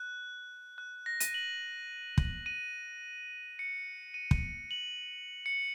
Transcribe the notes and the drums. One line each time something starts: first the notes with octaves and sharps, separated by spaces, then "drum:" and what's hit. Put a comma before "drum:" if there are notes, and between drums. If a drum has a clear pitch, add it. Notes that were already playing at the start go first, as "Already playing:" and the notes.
Already playing: F#6
F#6
A#6
D#7, drum: hi-hat
F#7
drum: kick
D#7
C#7
D#7
drum: kick
F#7
C#7